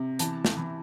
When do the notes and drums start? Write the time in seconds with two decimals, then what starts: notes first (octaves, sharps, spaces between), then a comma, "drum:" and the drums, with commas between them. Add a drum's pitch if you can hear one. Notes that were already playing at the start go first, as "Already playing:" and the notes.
Already playing: C3
0.19 E3 A5, drum: hi-hat
0.45 drum: snare
0.57 E3